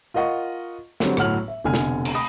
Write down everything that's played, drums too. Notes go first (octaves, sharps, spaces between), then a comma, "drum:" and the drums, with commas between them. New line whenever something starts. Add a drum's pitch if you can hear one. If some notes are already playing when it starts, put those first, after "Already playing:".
F4 A#4 D#5 F#5 C#6
D3 F#3 G3 C4, drum: snare
G1 A2 F#3 F#5 F6 F#7, drum: rim click
E5
F1 B2 D3 G#5 F6
drum: snare
drum: cymbal
B5 D#6 A#6